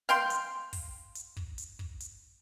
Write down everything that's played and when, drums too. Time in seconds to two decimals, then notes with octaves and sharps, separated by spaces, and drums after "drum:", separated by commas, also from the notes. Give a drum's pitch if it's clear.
0.09 F5 G5 C6, drum: snare
0.30 drum: hi-hat
0.73 drum: kick, open hi-hat
1.15 drum: hi-hat
1.37 drum: kick
1.58 drum: hi-hat
1.79 drum: kick
2.00 drum: hi-hat